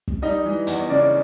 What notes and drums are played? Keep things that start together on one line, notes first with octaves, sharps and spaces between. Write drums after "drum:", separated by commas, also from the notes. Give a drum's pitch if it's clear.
drum: kick
G3 D#4 D#5
E3
E2, drum: hi-hat
C#3 D4 D5